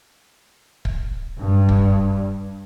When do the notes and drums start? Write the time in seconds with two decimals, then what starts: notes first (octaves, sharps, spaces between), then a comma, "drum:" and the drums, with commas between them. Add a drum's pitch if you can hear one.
0.85 drum: kick
1.41 G2
1.69 drum: kick